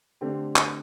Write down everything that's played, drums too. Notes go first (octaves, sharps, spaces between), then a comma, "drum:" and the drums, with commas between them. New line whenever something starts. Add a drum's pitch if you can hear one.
D3 A3 C4 G4
drum: clap